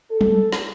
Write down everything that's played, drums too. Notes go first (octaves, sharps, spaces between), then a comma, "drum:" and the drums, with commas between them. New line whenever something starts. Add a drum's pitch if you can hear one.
A4
drum: tom
drum: snare